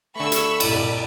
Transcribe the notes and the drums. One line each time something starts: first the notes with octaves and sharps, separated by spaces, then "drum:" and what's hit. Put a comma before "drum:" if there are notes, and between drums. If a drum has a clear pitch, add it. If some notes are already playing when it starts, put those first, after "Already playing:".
D3 A3 B5 C#6 E6
drum: hi-hat
C2 G2 A#2 D5, drum: cymbal